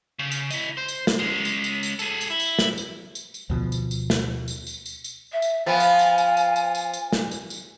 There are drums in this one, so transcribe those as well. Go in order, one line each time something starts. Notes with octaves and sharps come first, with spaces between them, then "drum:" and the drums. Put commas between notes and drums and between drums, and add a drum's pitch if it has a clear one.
C#3
drum: tambourine
E4 D#5, drum: tambourine
C5
drum: tambourine
drum: snare
G#3 C#4
drum: tambourine
drum: tambourine
drum: tambourine
G#4 A4, drum: tambourine
drum: tambourine
E4
drum: tambourine
drum: snare
drum: tambourine
drum: tambourine
drum: tambourine
D2 B2 F3
drum: tambourine
drum: tambourine
drum: snare
drum: tambourine
drum: tambourine
drum: tambourine
drum: tambourine
E5
drum: tambourine
F3 B3 G#5
drum: tambourine
drum: tambourine
drum: tambourine
drum: tambourine
drum: tambourine
drum: tambourine
drum: tambourine
drum: snare
drum: tambourine
drum: tambourine